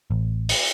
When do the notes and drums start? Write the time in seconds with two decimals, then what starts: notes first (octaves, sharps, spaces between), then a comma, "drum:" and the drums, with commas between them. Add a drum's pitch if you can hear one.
0.10 A1
0.49 drum: open hi-hat